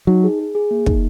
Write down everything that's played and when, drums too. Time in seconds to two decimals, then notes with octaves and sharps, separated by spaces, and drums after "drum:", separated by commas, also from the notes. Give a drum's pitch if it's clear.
0.07 F#3 D#4
0.24 G#4
0.39 G#4
0.55 G#4
0.71 A#3
0.86 D#4, drum: kick